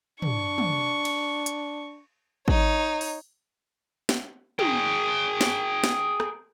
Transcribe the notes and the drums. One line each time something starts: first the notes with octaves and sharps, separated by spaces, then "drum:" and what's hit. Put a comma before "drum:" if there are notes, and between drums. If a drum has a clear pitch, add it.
D4 C#6, drum: tom
drum: tom
drum: cymbal
drum: hi-hat
D#4 C#5, drum: kick
drum: open hi-hat
drum: snare
G#4 G5, drum: tom
drum: snare
drum: snare
drum: rim click